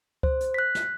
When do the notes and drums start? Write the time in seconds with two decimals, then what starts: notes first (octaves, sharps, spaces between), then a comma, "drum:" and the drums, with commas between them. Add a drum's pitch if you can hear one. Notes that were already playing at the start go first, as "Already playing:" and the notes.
0.23 C5, drum: kick C#2
0.40 drum: hi-hat
0.54 F#6 B6
0.75 drum: snare